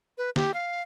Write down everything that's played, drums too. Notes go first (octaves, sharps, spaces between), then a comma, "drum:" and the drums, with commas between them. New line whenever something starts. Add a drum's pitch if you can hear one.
B4
G4, drum: snare
F5